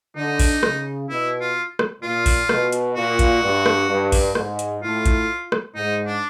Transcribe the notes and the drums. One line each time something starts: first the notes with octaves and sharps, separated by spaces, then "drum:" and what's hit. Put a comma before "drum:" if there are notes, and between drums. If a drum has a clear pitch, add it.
D3 D#4
drum: kick, open hi-hat
C#3, drum: rim click
B2 E4
F4
drum: rim click
A#2 F4
drum: kick, open hi-hat
B2, drum: rim click
drum: hi-hat
A#2 F#4
drum: kick, hi-hat
G2
drum: rim click
G2
drum: kick, open hi-hat
G#2, drum: rim click
drum: hi-hat
A2 F4
drum: kick, hi-hat
drum: rim click
G#2 D#4
D4